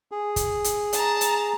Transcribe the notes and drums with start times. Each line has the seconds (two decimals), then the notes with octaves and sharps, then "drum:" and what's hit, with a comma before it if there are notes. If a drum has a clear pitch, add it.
0.12 G#4
0.36 drum: kick, hi-hat
0.64 drum: hi-hat
0.93 A5 A#5, drum: hi-hat
1.21 drum: hi-hat